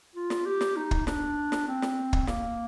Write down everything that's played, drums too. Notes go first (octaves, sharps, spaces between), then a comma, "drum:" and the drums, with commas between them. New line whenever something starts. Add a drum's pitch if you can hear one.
F4
drum: snare
G4
drum: snare
D#4
drum: kick
D4, drum: snare
drum: snare
C4
drum: snare
drum: kick
A#3, drum: snare